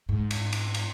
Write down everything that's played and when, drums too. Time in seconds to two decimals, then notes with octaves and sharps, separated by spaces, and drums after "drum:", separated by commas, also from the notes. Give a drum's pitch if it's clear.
0.09 G#2
0.31 drum: cymbal
0.53 drum: cymbal
0.74 drum: cymbal